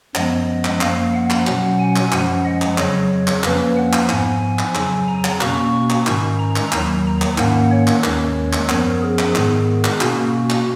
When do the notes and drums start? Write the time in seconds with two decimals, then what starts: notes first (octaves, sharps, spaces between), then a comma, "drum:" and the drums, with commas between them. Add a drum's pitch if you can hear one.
0.15 F#2 F3 G#3 B3 D#5, drum: clap
0.65 drum: clap
0.81 F#2 F3 A#3 F5, drum: clap
1.14 F#5
1.30 drum: clap
1.47 B2 F#3 C#4, drum: clap
1.80 G#5
1.96 drum: clap
2.12 F#2 F3 G#3 C#4 F#5, drum: clap
2.45 D#5
2.62 drum: clap
2.78 F2 C#3 F#3 C#5, drum: clap
3.27 drum: clap
3.44 F2 F3 A#3 C#4 B4, drum: clap
3.77 F#5
3.93 drum: clap
4.09 G#2 F3 B3 G#5, drum: clap
4.59 drum: clap
4.75 F2 C#3 F#3, drum: clap
5.08 A#5
5.24 drum: clap
5.41 B2 A#3 C#4 C#6, drum: clap
5.90 drum: clap
6.07 G#2 D#3 G#3 C#4, drum: clap
6.39 A#5
6.56 drum: clap
6.72 D#2 D#3 F#3 A#5, drum: clap
7.22 drum: clap
7.38 G#2 D#3 A#3 C#4 F#5, drum: clap
7.71 C#5
7.87 drum: clap
8.04 D#2 D#3 G#3 C#4, drum: clap
8.53 drum: clap
8.69 F#2 F3 B3 A#4, drum: clap
9.02 G#4
9.19 drum: clap
9.35 G#2 D#3 G#3 B3 G#4, drum: clap
9.84 drum: clap
10.01 B2 A#3 C#4 F#4, drum: clap
10.34 F#4
10.50 drum: clap